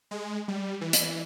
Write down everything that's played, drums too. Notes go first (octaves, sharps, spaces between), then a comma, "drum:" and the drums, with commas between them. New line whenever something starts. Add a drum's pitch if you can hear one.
G#3
G3
E3
drum: hi-hat